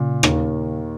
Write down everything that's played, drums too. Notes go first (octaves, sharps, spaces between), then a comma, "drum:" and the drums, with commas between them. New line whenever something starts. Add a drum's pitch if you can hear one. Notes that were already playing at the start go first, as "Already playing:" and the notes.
Already playing: A#2 C#3
D#2 D#3 A#3, drum: rim click